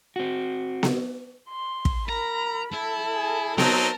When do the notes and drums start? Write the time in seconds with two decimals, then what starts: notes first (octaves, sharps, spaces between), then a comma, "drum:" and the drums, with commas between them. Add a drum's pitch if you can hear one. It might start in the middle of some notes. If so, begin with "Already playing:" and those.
0.16 C4 F#4
0.83 drum: snare B3
1.49 C6
1.85 drum: kick
2.09 A#4 A#5 B5
2.73 E4 A4
3.14 G#4
3.58 F#3 C4 D#4 A#4 A5, drum: snare B3